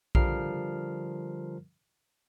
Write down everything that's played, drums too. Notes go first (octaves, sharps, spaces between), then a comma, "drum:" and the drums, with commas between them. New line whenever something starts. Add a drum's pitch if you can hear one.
D3 F3 G3 A#4 F6 C7, drum: kick A#1